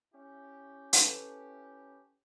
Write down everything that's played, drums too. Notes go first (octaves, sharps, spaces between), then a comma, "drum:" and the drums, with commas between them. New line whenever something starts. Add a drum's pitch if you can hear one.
C#4 E4 G4
A4 B4, drum: hi-hat